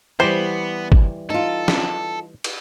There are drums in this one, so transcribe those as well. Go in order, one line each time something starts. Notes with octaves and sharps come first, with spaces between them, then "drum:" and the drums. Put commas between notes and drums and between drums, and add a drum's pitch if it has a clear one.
E3 G3 B3 G4 C5
drum: kick
D#4 F4 A4
drum: snare
drum: cymbal